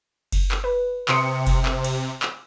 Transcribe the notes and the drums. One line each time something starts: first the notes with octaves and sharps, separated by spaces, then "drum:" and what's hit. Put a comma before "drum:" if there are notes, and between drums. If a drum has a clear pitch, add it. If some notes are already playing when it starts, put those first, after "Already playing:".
drum: kick F#1, cymbal
drum: clap
B4
C3 C6 D#6 C#7, drum: clap
drum: kick F#1, cymbal
drum: clap
drum: cymbal
drum: clap